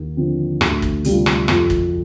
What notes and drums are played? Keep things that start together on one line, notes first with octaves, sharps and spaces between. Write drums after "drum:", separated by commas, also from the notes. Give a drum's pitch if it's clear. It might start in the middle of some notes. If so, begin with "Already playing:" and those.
Already playing: D#2
D3 F3 C4
D2, drum: rim click
drum: kick
C3 G3 D4 F4, drum: hi-hat
drum: rim click
F2, drum: rim click
drum: kick